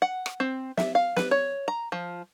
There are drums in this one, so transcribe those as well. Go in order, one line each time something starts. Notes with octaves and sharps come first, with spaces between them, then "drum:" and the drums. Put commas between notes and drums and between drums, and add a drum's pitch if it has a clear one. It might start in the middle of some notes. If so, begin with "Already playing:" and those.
F#5
drum: rim click
C4
E5, drum: snare
F5
B4, drum: snare
C#5
A#5
F3